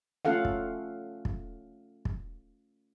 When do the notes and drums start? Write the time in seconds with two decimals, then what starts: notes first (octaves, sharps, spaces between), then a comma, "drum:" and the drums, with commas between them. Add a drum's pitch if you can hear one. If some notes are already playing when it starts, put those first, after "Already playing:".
0.25 A3 C#4 F4 A4 F5 F#5
0.45 drum: kick
1.25 drum: kick
2.05 drum: kick